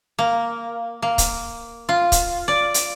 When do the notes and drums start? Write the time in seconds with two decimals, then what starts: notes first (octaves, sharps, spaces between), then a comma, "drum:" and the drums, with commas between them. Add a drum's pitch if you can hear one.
0.19 A#3
1.02 A#3
1.18 drum: kick C#1, hi-hat
1.89 F4
2.12 drum: kick C#1, hi-hat
2.48 D5
2.74 drum: hi-hat